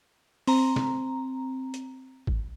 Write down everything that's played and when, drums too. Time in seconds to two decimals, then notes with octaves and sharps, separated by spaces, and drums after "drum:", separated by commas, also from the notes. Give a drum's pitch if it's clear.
0.47 C4 A#5, drum: open hi-hat
0.76 drum: snare
1.74 drum: hi-hat
2.27 drum: kick G#1